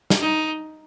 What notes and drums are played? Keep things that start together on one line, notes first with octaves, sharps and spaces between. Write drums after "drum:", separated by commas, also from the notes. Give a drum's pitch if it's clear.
drum: snare
D#4